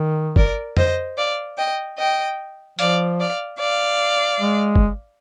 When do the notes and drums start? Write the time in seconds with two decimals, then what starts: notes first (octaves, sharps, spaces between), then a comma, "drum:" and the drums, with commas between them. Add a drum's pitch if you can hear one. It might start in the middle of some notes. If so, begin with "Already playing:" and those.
Already playing: D#3
0.36 A#4 D5, drum: kick
0.77 C5 D#5, drum: tom F2
1.17 D5 F5
1.57 D#5 G5
1.98 D#5 G5
2.79 F3 D5 F5, drum: hi-hat
3.19 D5 F5
3.59 D5 F5
4.41 G#3
4.76 drum: kick